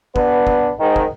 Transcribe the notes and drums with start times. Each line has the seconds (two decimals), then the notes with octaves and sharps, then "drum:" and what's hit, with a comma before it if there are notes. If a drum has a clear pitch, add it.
0.16 B3 D4 B4, drum: kick
0.47 drum: kick
0.80 G#2 D#3
0.96 drum: kick